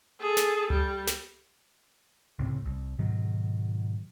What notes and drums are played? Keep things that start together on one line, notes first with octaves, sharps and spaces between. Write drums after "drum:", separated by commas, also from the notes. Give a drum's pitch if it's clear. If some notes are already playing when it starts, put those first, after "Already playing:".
G#4 A4
drum: snare
G3, drum: tom C#2
drum: snare
C#2 A2 C3
C2
G#2 B2 D#3 F#3